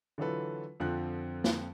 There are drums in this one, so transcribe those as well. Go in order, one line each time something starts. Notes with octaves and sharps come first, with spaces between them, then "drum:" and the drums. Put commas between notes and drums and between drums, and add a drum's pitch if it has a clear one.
D3 E3 F#3 F4 A4 B4
F2 D3 F3 C4 F#6
drum: snare A#3